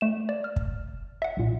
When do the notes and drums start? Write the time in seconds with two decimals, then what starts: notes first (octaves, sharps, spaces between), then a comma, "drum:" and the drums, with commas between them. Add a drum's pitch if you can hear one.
0.01 A3 E7
0.29 D5
0.44 F6
0.56 drum: kick
1.22 E5 F#5
1.37 B1 A#2